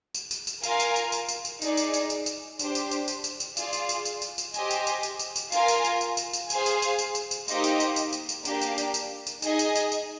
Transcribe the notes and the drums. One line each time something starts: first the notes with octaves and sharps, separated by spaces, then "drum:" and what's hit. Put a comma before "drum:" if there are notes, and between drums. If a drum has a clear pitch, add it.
drum: tambourine
drum: tambourine
drum: tambourine
F4 A#4 F5 G#5, drum: tambourine
drum: tambourine
drum: tambourine
drum: tambourine
drum: tambourine
drum: tambourine
D#4 G#4 D5, drum: tambourine
drum: tambourine
drum: tambourine
drum: tambourine
drum: tambourine
D4 G4 C5, drum: tambourine
drum: tambourine
drum: tambourine
drum: tambourine
drum: tambourine
drum: tambourine
F4 G#4 D5, drum: tambourine
drum: tambourine
drum: tambourine
drum: tambourine
drum: tambourine
drum: tambourine
G4 C5 D#5 G#5, drum: tambourine
drum: tambourine
drum: tambourine
drum: tambourine
drum: tambourine
drum: tambourine
F4 A#4 F5 G#5, drum: tambourine
drum: tambourine
drum: tambourine
drum: tambourine
drum: tambourine
drum: tambourine
G#4 C5 F5 G#5, drum: tambourine
drum: tambourine
drum: tambourine
drum: tambourine
drum: tambourine
drum: tambourine
A#3 D#4 G4 C5 D#5, drum: tambourine
drum: tambourine
drum: tambourine
drum: tambourine
drum: tambourine
drum: tambourine
A#3 D4 G4, drum: tambourine
drum: tambourine
drum: tambourine
drum: tambourine
drum: tambourine
D#4 G#4 D#5 G#5, drum: tambourine
drum: tambourine
drum: tambourine
drum: tambourine